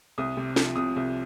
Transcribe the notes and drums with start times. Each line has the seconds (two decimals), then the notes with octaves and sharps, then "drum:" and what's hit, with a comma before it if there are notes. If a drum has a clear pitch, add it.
0.18 C2 D#6
0.37 C3
0.56 F3, drum: snare
0.75 C2 D#6
0.96 C2